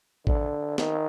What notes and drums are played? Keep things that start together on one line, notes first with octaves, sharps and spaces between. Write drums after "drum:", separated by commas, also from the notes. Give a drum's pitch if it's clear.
D3, drum: kick A1
D#3, drum: snare